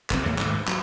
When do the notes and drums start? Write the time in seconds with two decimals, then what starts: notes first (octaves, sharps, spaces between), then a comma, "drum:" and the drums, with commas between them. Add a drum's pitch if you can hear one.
0.10 F1 B1 C4, drum: clap
0.26 D#2 A2
0.39 G#2 D#3 A3, drum: clap
0.55 G2
0.68 F#3, drum: clap